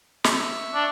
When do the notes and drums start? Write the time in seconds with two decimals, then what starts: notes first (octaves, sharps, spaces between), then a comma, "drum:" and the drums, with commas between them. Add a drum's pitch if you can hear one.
0.24 E5 C#6, drum: snare
0.75 D4